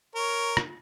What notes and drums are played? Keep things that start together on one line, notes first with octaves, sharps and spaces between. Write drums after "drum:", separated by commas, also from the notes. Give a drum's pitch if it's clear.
A#4 C#5
drum: rim click